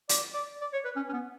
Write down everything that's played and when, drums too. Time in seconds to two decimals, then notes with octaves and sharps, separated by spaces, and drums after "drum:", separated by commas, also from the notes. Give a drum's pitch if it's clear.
0.09 D5, drum: hi-hat
0.34 D5
0.61 D5
0.73 C#5
0.85 B4
0.96 C#4
1.09 C#4
1.13 B3